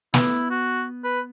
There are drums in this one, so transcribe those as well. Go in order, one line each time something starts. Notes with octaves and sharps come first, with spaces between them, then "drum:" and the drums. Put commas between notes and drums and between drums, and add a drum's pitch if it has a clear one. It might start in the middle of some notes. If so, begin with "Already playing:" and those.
B3 E4, drum: snare
F#4
B4